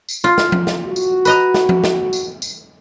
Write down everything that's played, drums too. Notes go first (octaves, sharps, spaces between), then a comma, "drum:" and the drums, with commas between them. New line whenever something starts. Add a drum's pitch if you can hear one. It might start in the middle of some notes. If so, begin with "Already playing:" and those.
drum: tambourine
F4
drum: snare
drum: tom F3
drum: snare
F#4
drum: tambourine
B4 D#5 A#5, drum: tambourine
drum: snare
drum: tom F3
drum: snare
drum: tambourine
drum: tambourine